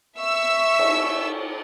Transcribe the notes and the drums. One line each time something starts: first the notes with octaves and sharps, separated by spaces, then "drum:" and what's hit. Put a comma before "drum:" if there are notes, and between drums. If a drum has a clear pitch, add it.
E5 C#6 E6
drum: cymbal